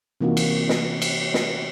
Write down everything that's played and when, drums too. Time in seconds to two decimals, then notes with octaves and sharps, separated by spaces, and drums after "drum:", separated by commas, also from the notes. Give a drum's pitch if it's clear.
0.21 C3 E3 A#3 D#4 F4 F#4
0.37 drum: cymbal
0.69 drum: snare
1.02 drum: cymbal
1.34 drum: snare